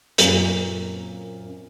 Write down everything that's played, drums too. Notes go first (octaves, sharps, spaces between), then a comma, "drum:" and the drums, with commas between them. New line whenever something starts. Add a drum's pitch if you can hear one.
F#2 A#2 C4 C#4 G#5, drum: hi-hat